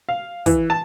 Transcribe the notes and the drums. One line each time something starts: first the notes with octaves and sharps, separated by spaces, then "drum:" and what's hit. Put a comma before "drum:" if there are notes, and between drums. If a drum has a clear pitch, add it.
F5
E3, drum: kick, hi-hat
A5